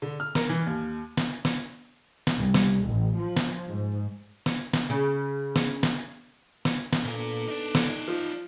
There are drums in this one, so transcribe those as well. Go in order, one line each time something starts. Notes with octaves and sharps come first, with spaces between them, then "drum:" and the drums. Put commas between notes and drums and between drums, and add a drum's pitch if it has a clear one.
D3
F6
A#4, drum: snare
E3
D#2
drum: snare
drum: snare
drum: snare
C2
drum: snare
A1
F3
drum: snare
G#2
drum: snare
drum: snare
C#3
drum: snare
drum: snare
drum: snare
drum: snare
A#2 B3 D4 A4 A#4
D#4 D5
drum: snare
F3